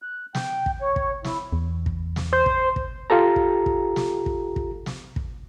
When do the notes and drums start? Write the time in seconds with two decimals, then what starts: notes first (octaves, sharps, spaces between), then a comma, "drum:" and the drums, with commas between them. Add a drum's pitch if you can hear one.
0.02 F#6
0.35 G5, drum: snare
0.66 drum: kick
0.81 C#5
0.96 drum: kick
1.24 E4, drum: snare
1.53 E2
1.86 drum: kick
2.16 drum: snare
2.33 C5
2.46 drum: kick
2.76 drum: kick
3.10 F4 G4 A4 A#5
3.36 drum: kick
3.66 drum: kick
3.96 drum: snare
4.26 drum: kick
4.56 drum: kick
4.86 drum: snare
5.16 drum: kick